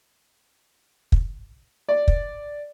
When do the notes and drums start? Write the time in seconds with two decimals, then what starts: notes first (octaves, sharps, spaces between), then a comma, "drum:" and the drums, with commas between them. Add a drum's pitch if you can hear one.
1.12 drum: kick
1.89 D5
2.08 drum: kick